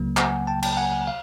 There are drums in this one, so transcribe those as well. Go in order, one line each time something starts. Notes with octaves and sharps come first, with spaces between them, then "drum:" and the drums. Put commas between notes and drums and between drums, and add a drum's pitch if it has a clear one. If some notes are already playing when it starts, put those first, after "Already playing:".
Already playing: C#2 C#3 F#3 A#3
F#5 G#5, drum: clap
G5 A5
G5 A5, drum: cymbal
G5
F#5 G#5
F5